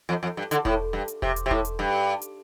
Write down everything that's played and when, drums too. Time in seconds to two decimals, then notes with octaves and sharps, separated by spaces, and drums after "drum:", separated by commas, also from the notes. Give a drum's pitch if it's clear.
0.09 F2
0.23 F2
0.37 G2
0.51 D3, drum: hi-hat
0.65 A2, drum: kick E1
0.93 G2
1.08 drum: hi-hat
1.22 C3, drum: kick E1
1.36 drum: hi-hat
1.46 C3
1.51 A2, drum: kick E1
1.65 drum: hi-hat
1.79 G2
2.22 drum: hi-hat